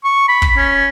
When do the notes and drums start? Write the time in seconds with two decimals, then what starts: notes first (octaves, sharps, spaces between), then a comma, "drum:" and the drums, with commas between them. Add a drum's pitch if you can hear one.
0.04 C#6
0.29 B5
0.42 drum: kick
0.57 C#4